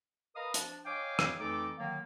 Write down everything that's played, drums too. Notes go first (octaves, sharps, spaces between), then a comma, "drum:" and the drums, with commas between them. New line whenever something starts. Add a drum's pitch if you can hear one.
A#4 B4 D#5 F5 A#5 D#6
F3 D4, drum: hi-hat
C#5 D#5 F5 G5 G#5 D6
drum: rim click
F2 E3 A3 D#4 A4 D6
D3 D#3 F#3 A#3